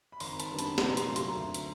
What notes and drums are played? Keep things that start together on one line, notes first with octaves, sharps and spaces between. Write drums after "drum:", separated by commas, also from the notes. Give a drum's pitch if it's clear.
B5
G#1 A#5 C6, drum: open hi-hat
A5 B5, drum: hi-hat
F#2 D3 G3 B3
A5 B5, drum: hi-hat
C2 A#5 C6, drum: snare
A#5 C6, drum: hi-hat
A#2 F#3 A3
A#5 C6, drum: hi-hat
D2
drum: hi-hat